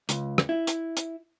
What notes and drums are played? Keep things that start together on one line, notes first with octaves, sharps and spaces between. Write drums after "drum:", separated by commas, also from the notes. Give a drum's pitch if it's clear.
C#2, drum: hi-hat
drum: rim click
E4
drum: hi-hat
drum: hi-hat